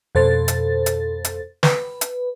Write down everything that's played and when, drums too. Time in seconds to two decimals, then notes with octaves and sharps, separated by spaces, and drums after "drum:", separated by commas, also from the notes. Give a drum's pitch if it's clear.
0.15 F2 B2 A4 C5 A6
0.48 drum: hi-hat
0.86 drum: hi-hat
1.24 drum: hi-hat
1.63 B4, drum: snare
2.01 drum: hi-hat